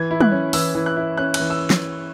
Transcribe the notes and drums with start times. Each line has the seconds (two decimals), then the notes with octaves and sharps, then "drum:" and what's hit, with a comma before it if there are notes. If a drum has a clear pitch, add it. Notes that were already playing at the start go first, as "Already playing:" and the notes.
Already playing: E3 G#6
0.11 E4
0.21 F#6, drum: tom
0.32 C#4
0.53 E3 E6, drum: open hi-hat
0.75 E3
0.86 F#6
0.97 E4
1.17 C#4 F#6
1.34 F#6, drum: cymbal
1.40 E3
1.50 E6
1.70 drum: snare